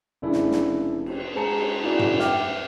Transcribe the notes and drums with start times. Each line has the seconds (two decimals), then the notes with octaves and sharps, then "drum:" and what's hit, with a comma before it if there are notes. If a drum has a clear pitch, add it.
0.22 F1 C#3 A3 D4 E4 A4
0.32 drum: snare
0.51 drum: snare
1.06 drum: cymbal
1.35 G#3 C5 A5 A#5 C#7
1.57 drum: cymbal
1.83 D#4 E4 F#4 G#4 A#4 D5
1.99 drum: tom
2.19 E5 F#5 G5 D6 F6, drum: snare